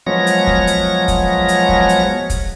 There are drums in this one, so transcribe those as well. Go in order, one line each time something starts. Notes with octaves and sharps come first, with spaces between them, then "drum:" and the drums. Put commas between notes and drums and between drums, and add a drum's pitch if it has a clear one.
F3 F#3 G#3 B3 C#5 A#6
drum: hi-hat
drum: kick
drum: hi-hat
drum: kick, hi-hat
drum: hi-hat
drum: kick
drum: hi-hat
drum: kick, hi-hat